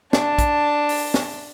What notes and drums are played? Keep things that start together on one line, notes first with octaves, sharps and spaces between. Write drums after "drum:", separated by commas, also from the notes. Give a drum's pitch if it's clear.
D4 A5, drum: snare
drum: kick, hi-hat
drum: open hi-hat
drum: snare